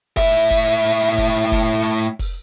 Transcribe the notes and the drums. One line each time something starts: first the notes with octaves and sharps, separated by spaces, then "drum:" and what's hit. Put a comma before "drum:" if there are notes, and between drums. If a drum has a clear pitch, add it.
A2 E5, drum: kick F1, open hi-hat
drum: hi-hat
drum: kick F1, hi-hat
drum: hi-hat
drum: hi-hat
drum: hi-hat
drum: kick F1, open hi-hat
drum: kick F1
drum: hi-hat
drum: hi-hat
drum: kick F1, open hi-hat